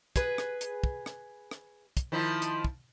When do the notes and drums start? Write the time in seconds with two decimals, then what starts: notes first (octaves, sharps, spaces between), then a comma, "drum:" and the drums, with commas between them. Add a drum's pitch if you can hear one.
0.16 G#4 B4, drum: kick, hi-hat
0.38 drum: rim click
0.61 drum: hi-hat
0.84 drum: kick
1.06 drum: rim click
1.51 drum: rim click
1.97 drum: kick, hi-hat
2.12 D#3 F3 E4
2.42 drum: hi-hat
2.65 drum: kick